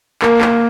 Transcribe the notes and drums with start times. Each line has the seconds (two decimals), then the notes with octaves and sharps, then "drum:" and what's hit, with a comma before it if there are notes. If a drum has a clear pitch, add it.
0.22 A#3, drum: clap
0.41 A#3, drum: clap